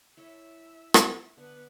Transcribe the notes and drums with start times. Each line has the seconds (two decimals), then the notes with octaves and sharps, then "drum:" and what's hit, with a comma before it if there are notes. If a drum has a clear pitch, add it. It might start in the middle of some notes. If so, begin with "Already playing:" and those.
0.17 E4 A4 C#5 E5
0.94 drum: rim click
1.37 D3 B3 B4 G#5